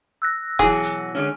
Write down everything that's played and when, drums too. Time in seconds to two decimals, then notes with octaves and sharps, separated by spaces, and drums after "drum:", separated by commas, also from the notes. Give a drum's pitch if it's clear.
0.22 E6 F#6 A#6
0.59 B2 E3 F#3 G#4, drum: kick, open hi-hat
0.83 drum: hi-hat
1.15 D3 G#3 C#4